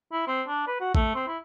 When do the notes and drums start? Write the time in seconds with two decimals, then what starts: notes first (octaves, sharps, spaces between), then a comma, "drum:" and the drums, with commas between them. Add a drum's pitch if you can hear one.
0.12 E4
0.27 C4
0.48 D4
0.67 B4
0.80 F#4
0.95 A3, drum: kick
1.15 C4
1.28 E4